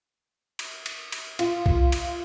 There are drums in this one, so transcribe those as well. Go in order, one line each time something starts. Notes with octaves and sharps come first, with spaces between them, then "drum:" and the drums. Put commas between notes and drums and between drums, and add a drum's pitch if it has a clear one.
drum: cymbal
drum: cymbal
drum: cymbal
F4, drum: cymbal
drum: kick C2
drum: cymbal